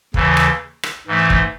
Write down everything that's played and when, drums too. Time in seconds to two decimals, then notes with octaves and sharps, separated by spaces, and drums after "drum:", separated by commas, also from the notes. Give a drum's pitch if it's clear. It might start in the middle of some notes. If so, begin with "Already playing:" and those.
0.14 D#2 C#3 E3, drum: kick
0.37 drum: rim click
0.83 drum: rim click
1.07 G#2 E3 A3
1.30 drum: kick